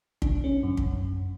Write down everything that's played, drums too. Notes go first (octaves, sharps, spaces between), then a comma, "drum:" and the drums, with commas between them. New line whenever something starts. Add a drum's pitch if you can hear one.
D4, drum: kick
C#4
F#2
drum: kick